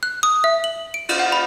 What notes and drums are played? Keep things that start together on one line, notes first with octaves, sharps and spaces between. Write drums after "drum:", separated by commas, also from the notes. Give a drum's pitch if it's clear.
F#6
D#6
E5
F#7
D7
drum: cymbal
F#5
B5